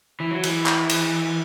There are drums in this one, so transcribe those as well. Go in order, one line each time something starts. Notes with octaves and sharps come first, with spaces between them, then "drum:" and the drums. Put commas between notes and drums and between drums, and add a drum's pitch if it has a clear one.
E3
F#3
E3, drum: cymbal
drum: clap
drum: cymbal